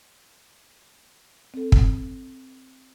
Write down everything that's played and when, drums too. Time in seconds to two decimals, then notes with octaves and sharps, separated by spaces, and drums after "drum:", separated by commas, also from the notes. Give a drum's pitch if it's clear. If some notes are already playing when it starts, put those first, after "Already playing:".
1.54 C4 A4
1.72 drum: kick